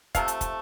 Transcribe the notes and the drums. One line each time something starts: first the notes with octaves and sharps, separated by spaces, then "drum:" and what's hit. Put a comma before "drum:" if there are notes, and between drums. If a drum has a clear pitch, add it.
C3 F3 A3 F5, drum: kick, hi-hat
drum: hi-hat
drum: kick, hi-hat